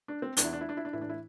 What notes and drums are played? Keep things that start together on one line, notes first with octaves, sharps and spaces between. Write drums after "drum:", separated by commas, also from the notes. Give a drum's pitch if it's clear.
D4
C4
E2 E3 D4, drum: hi-hat
E4
D4
E4
D4
E4
D4
A2 E3 E4
D4
E4